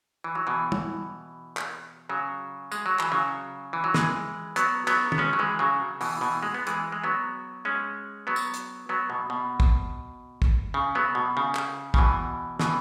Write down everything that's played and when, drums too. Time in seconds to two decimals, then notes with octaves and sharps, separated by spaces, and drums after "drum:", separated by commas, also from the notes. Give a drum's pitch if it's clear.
0.24 E3
0.35 F#3
0.47 B2 E3
0.72 drum: tom
1.57 drum: clap
2.09 C#3 F#3
2.72 G#3, drum: tambourine
2.86 F#3
2.99 E3, drum: clap
3.12 C#3 F#3
3.73 E3
3.84 F#3
3.94 E3 G#3, drum: snare
4.56 F#3 B3, drum: hi-hat
4.87 F#3 B3, drum: cymbal
5.12 B3, drum: tom
5.18 G#3 C#4
5.33 F#3
5.39 E3 G#3
5.59 C#3 F#3
6.01 B2 E3, drum: open hi-hat
6.21 B2 E3
6.43 G#3
6.54 B3
6.67 E3 G#3, drum: hi-hat
6.92 G#3
7.04 F#3 B3
7.65 G#3 C#4
8.27 F#3 B3
8.36 drum: tambourine
8.54 drum: hi-hat
8.89 F#3 B3
9.10 B2
9.30 B2
9.60 drum: kick
10.42 drum: kick
10.74 C#3
10.95 F#3 B3
11.15 B2
11.37 C#3
11.55 drum: clap
11.94 C#3, drum: kick
11.98 B2 E3
12.59 B2 E3, drum: snare